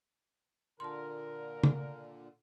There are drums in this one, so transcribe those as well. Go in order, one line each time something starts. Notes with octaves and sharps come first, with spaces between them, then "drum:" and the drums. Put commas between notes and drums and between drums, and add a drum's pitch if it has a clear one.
A#2 D3 A#4 A5 C6
drum: tom C#3